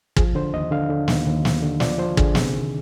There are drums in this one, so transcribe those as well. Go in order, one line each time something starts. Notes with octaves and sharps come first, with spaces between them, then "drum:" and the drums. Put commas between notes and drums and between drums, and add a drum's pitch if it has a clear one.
F3 G#4, drum: kick
D3 C5
D#2 D#5
D3 F5
D3
D#2, drum: snare
D#2
D#2, drum: snare
D3
F3 D5, drum: snare
F3 C5
D3 G#4, drum: kick
C3, drum: snare
D#3